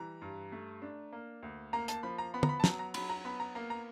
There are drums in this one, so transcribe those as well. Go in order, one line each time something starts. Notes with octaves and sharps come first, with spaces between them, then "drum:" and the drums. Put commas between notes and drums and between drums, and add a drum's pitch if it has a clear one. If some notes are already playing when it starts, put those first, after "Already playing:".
Already playing: E3 G3 A#5
G2
A3
D4
A#3
D2
A#3 A#5
A5, drum: hi-hat
F3 B5
A#5
B3 B5
A#5, drum: tom
B5
A5
F#3 A#5, drum: snare
A#5
F#3 B5, drum: cymbal
A#5
B3 B5
A#5
A#3 A#5
A#5